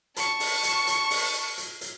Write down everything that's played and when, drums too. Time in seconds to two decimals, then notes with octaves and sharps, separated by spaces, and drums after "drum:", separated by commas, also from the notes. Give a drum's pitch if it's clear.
0.16 A5 C#6, drum: hi-hat
0.40 drum: open hi-hat
0.64 drum: hi-hat
0.87 drum: hi-hat
1.11 drum: open hi-hat
1.58 drum: hi-hat
1.81 drum: hi-hat